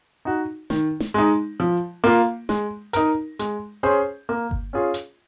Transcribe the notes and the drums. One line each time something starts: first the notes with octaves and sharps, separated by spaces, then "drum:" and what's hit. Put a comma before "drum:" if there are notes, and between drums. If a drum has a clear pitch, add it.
D#4 F#4
D#3, drum: snare
drum: snare
G#3 D#4
F3
A#3 F4
G#3, drum: snare
D#4 A#4, drum: hi-hat
G#3, drum: hi-hat
C#4 G#4 C5
A#3
drum: kick G1
C#4 F4 G#4
drum: hi-hat